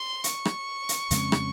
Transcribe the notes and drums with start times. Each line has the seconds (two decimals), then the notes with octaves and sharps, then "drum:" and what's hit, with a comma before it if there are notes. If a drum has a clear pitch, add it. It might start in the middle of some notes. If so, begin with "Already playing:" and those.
Already playing: C6
0.24 C#6, drum: hi-hat
0.45 drum: rim click
0.89 drum: hi-hat
1.11 F2 C#3 G#3 C4, drum: hi-hat
1.32 drum: rim click